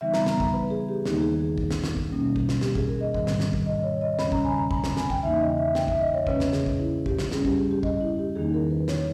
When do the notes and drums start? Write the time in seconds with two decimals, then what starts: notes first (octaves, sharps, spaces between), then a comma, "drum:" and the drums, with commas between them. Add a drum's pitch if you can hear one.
0.01 C#3 E3 G3 B3 D#4 E5
0.14 A#5, drum: snare
0.21 B5
0.26 A#5, drum: snare
0.40 drum: kick
0.53 B4
0.70 G#4
0.89 G4
1.05 D#2 D#3 A#3 D#4 G4, drum: snare
1.22 G#4
1.58 drum: kick
1.71 drum: snare
1.84 drum: snare
1.97 drum: kick
2.10 B2 G3 A#3 C#4
2.36 drum: kick
2.49 drum: snare
2.61 G4, drum: snare
2.75 G#4, drum: kick
2.88 A#4
3.01 D#5
3.14 G#2 D#3 G3, drum: kick
3.27 drum: snare
3.40 drum: snare
3.53 drum: kick
3.66 D#5
3.84 C#5
4.01 D#5
4.19 E2 C#3 G3 C#4 B5, drum: snare
4.32 A#5, drum: kick
4.45 G#5
4.58 A#5
4.71 B5, drum: kick
4.84 drum: snare
4.97 G#5, drum: snare
5.10 G5, drum: kick
5.23 E2 C#3 E3 A#3 D#4 E5
5.40 D#5
5.58 E5
5.75 G5, drum: snare
5.88 E5, drum: kick
6.00 D#5
6.14 C#5
6.27 E2 C#3 G#3 C#4 B4, drum: kick
6.40 drum: snare
6.53 G#4, drum: snare
6.66 drum: kick
6.79 E4
7.06 G4, drum: kick
7.19 drum: snare
7.32 G2 G3 C#4 G#4, drum: snare
7.45 G4, drum: kick
7.58 G4
7.71 G4
7.83 D#5, drum: kick
8.01 E4
8.19 G4
8.36 E2 D#3 A#3 D#4 G#4
8.54 A#4
8.71 B4
8.88 C#5, drum: snare